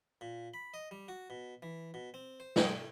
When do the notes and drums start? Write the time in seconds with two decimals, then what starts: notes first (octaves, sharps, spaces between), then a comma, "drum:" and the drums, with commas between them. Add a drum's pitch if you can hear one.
0.21 A#2
0.54 B5
0.74 D#5
0.91 G3
1.08 F#4
1.30 B2
1.62 E3
1.94 B2
2.14 C4
2.40 C5
2.56 drum: snare
2.65 A3